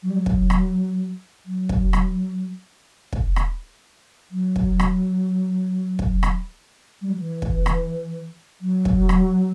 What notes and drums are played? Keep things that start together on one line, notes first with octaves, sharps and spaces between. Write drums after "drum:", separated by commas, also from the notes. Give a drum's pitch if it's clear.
F#3
G3
F#3
drum: kick
drum: rim click
F#3
drum: kick
drum: rim click
drum: kick
drum: rim click
F#3
drum: kick
drum: rim click
drum: kick
drum: rim click
G3
F#3
E3
drum: kick
drum: rim click
F#3
drum: kick
drum: rim click